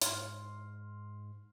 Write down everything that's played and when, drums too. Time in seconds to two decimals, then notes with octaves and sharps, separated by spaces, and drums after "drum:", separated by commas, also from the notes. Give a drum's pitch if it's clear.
0.02 G#2 C6 F6, drum: hi-hat